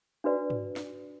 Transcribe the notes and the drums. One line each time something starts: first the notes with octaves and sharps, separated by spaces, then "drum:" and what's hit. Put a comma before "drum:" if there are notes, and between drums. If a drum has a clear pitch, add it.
D4 F#4 B4 D5
drum: tom
drum: snare